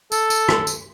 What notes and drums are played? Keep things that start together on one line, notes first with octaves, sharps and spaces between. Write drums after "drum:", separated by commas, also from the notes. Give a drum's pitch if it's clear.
A4, drum: tambourine
drum: tambourine
drum: rim click
drum: tambourine